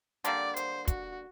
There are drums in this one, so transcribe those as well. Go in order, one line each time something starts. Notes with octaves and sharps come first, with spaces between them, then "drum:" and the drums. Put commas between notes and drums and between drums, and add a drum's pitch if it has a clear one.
D3 G3 A#3 D5, drum: hi-hat
C5, drum: hi-hat
F#4, drum: kick, hi-hat